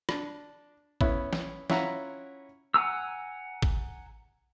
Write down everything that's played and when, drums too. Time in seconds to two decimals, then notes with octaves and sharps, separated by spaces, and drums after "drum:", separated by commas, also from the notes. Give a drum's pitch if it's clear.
0.09 D4, drum: rim click
1.01 B3 C#4 E4 E5, drum: kick
1.33 drum: snare
1.70 C#4 E4 F4 E5 F#5 A#5, drum: snare
2.74 F#5 G#5 A#5 E6
3.62 drum: kick